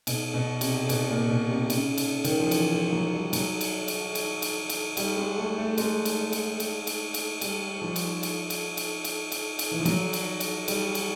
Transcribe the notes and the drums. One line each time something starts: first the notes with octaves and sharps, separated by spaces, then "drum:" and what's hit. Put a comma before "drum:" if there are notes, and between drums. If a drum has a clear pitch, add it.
B2, drum: cymbal
B2
C3, drum: cymbal
B2, drum: cymbal
A#2
B2
C3
C#3, drum: cymbal
drum: cymbal
D#3, drum: cymbal
F3
E3, drum: cymbal
F3
F#3
G3
F#3, drum: cymbal
drum: cymbal
drum: cymbal
drum: cymbal
drum: cymbal
drum: cymbal
G3, drum: cymbal
G#3
A3
A3
G#3, drum: cymbal
drum: cymbal
drum: cymbal
drum: cymbal
drum: cymbal
drum: cymbal
G3, drum: cymbal
F3
drum: cymbal
drum: cymbal
drum: cymbal
drum: cymbal
drum: cymbal
drum: cymbal
drum: cymbal
E3
F3
F#3, drum: cymbal
drum: cymbal
drum: cymbal
G3, drum: cymbal
drum: cymbal